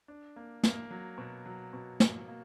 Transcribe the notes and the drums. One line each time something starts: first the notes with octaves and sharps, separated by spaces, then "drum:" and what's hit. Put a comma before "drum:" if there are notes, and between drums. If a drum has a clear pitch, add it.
D4
A#3
A#3, drum: snare
F#3
B2
F#3
B2
A#3, drum: snare
A#3